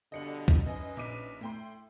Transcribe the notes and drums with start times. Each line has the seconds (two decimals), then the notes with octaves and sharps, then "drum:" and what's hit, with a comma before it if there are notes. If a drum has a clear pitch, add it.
0.12 G2 B2 D3 D#5 C#7 F#7
0.48 drum: kick B1
0.66 F#2 C#4 D#4 B4 D#5 G#5
0.97 A#1 D6 D#7
1.41 A2 G5 C6